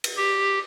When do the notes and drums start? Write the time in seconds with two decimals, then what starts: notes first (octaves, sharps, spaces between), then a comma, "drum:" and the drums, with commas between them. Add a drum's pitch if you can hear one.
0.04 drum: cymbal
0.17 G4